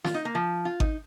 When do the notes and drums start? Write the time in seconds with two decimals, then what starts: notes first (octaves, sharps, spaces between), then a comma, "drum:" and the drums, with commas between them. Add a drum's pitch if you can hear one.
0.04 F4, drum: snare
0.14 D#4
0.25 A#3
0.35 F3
0.65 F4
0.80 D#4, drum: kick G#1